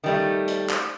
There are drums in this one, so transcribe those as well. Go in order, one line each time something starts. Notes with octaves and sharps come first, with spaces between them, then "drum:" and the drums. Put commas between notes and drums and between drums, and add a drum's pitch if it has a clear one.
D#3 G3 A3
drum: hi-hat
drum: clap